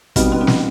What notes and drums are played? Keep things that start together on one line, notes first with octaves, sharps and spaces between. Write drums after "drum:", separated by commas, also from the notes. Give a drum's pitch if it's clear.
B2 G3 B3 C4 D#4, drum: kick, hi-hat
C#4
C4
C#4, drum: snare